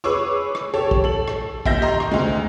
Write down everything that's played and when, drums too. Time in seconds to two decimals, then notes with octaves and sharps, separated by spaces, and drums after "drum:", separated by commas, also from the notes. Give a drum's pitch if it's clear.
0.04 G#4 B4 C#5 C#6 D6 E6
0.55 drum: rim click
0.74 G4 A4 C#5
0.91 drum: kick
1.04 A4 F#7
1.28 drum: rim click
1.65 D#2 E5 G6 A#6, drum: kick
1.82 D#5 A#5 C6
2.00 drum: rim click
2.11 D2 G#3